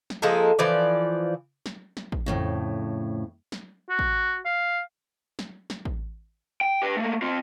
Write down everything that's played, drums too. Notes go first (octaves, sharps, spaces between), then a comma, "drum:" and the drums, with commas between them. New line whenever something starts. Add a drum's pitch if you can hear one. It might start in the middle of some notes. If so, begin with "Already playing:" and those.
drum: snare
F3 G#3 A#3 A4
E3 F3 D5
drum: snare
drum: snare
drum: kick A1
F2 A2 C#3
drum: snare
F#4
drum: kick A1
F5
drum: snare
drum: snare
drum: kick A1
G5
G4 B4
A3 A#3
C4 F4